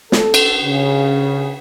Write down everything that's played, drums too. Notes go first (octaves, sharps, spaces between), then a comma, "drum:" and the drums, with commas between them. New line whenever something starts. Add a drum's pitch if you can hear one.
A4, drum: snare
drum: cymbal
C#3